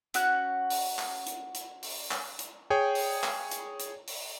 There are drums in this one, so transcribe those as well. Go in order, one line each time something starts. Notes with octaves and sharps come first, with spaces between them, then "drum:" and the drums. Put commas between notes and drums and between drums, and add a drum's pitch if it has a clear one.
C#4 F#4 F#5 F#6, drum: hi-hat
drum: open hi-hat
drum: clap
drum: hi-hat
drum: hi-hat
drum: open hi-hat
drum: clap
drum: hi-hat
G#4 C#5 G5
drum: open hi-hat
drum: clap
drum: hi-hat
drum: hi-hat
drum: open hi-hat